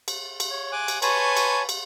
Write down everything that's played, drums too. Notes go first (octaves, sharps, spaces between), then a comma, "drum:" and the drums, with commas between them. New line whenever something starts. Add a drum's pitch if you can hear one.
drum: cymbal
drum: cymbal
C#5
G#5 D6 F#6
drum: cymbal
B4 C#5 G#5 A5 C6 C#6, drum: cymbal
drum: cymbal
drum: cymbal